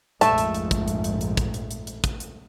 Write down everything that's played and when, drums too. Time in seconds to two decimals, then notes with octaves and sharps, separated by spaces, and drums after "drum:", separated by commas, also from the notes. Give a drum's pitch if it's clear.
0.21 A#1 F2 G#2 A3 E5 A5, drum: hi-hat
0.38 drum: hi-hat
0.54 drum: hi-hat
0.71 drum: kick, hi-hat
0.88 drum: hi-hat
1.04 drum: hi-hat
1.21 drum: hi-hat
1.37 drum: kick, hi-hat
1.54 drum: hi-hat
1.71 drum: hi-hat
1.87 drum: hi-hat
2.04 drum: kick, hi-hat
2.20 drum: hi-hat